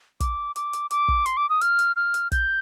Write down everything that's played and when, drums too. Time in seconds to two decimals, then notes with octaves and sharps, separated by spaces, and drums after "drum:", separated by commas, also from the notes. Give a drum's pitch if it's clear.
0.20 D6, drum: kick, hi-hat
0.56 D6, drum: hi-hat
0.73 drum: hi-hat
0.91 D6, drum: hi-hat
1.08 drum: kick
1.26 C6, drum: hi-hat
1.37 D6
1.50 D#6
1.61 F6, drum: hi-hat
1.79 drum: hi-hat
1.96 F6
2.14 drum: hi-hat
2.32 G6, drum: kick, hi-hat